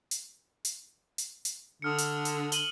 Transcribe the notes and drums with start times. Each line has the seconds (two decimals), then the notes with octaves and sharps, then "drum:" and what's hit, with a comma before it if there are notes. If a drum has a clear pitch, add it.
0.11 drum: hi-hat
0.65 drum: hi-hat
1.18 drum: hi-hat
1.45 drum: hi-hat
1.82 D3 D#6 F6 C#7
1.98 drum: hi-hat
2.25 drum: hi-hat
2.52 D#7 F#7 G7, drum: hi-hat